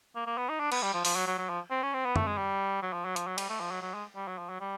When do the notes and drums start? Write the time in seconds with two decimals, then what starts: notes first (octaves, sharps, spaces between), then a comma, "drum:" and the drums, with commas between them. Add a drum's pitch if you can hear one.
0.16 A#3
0.27 A#3
0.37 B3
0.49 D#4
0.60 D4
0.72 B3, drum: cymbal
0.83 G3
0.94 F3
1.05 F3, drum: open hi-hat
1.16 F#3
1.27 F#3
1.38 F#3
1.49 F3
1.71 C4
1.83 C#4
1.94 C4
2.05 B3
2.16 A3, drum: tom F#2
2.27 G#3
2.38 G3
2.83 F#3
2.93 F3
3.05 F#3
3.16 F3, drum: hi-hat
3.27 F#3
3.38 G3, drum: cymbal
3.49 A3
3.60 F3
3.71 F#3
3.82 F#3
3.94 G#3
4.16 G3
4.28 F#3
4.38 F3
4.49 F#3
4.60 G3